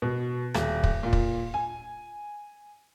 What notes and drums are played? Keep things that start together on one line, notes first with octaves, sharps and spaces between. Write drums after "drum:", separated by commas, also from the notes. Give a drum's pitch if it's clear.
B2
D#1, drum: rim click
drum: kick
A#2
drum: kick
G#5